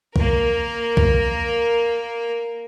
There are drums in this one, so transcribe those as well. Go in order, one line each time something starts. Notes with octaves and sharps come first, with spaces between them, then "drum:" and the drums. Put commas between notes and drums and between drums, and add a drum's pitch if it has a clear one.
A#3 A#4, drum: kick B1
drum: kick B1